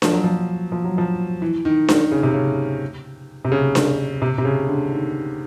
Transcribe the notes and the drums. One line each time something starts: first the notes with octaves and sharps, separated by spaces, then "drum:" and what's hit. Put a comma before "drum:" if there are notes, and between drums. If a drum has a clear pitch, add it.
F3, drum: snare D4
F#3
F3
F3
F#3
F3
E3
D#3
D#3, drum: snare D4
C#3
C3
C#3
C3
C#3
drum: snare D4
C3
C3
C#3
D3
D#3